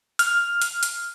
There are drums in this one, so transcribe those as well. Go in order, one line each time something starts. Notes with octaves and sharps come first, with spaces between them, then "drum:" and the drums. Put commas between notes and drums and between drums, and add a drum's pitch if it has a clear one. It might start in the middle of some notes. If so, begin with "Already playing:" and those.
F6, drum: hi-hat
drum: hi-hat
drum: hi-hat